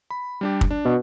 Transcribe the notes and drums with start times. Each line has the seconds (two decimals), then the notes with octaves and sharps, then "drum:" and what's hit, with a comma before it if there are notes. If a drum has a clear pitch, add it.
0.10 B5
0.41 G3 D4 G4
0.61 drum: kick
0.71 D4
0.85 B2